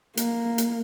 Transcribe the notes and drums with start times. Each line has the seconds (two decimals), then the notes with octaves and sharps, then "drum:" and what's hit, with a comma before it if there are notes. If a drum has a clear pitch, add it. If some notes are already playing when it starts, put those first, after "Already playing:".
0.17 A#3, drum: hi-hat
0.58 drum: hi-hat